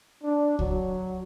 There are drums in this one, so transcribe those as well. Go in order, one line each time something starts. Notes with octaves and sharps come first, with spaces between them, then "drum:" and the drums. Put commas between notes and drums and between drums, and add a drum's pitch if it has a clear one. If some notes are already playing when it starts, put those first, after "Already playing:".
D4
F#3, drum: kick C#2